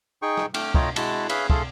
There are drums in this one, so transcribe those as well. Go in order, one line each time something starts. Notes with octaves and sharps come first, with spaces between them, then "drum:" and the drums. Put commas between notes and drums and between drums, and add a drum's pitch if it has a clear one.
D#4 G#4 G5 C#6
drum: rim click
A3 G5 D6 F6, drum: cymbal
A3 F4 C#5 D#5 G5 A#5, drum: kick
G#3 E4 F#4 A5 F#6, drum: cymbal
G#4 B4 C#5 E5 F5 B5, drum: cymbal
A3 G#4 A4 F5 C6, drum: kick